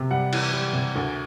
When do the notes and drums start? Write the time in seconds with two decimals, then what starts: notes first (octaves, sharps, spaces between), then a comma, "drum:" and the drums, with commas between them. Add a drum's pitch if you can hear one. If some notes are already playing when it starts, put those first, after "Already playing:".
Already playing: C3
0.11 G3 F#5
0.33 E3, drum: cymbal
0.53 G3
0.73 C3
0.95 D2